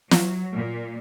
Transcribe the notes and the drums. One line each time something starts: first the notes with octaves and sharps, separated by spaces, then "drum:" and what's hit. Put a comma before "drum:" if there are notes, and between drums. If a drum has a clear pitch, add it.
F#3, drum: snare
A#2